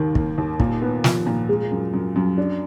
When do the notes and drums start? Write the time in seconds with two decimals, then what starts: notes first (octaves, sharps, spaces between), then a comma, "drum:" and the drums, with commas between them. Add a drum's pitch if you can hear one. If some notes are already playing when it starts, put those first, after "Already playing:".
Already playing: D#2 D#3
0.15 A#3, drum: kick
0.38 D#2
0.60 A#2, drum: kick
0.82 B3
1.04 F3, drum: snare
1.26 A#2
1.49 G#3
1.71 F#2
1.94 F#2
2.16 F#2
2.38 D4